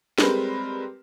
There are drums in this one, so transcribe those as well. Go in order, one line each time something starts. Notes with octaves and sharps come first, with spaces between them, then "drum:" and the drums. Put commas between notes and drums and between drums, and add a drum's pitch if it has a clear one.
G3 G#3 C4 A#4 B4, drum: snare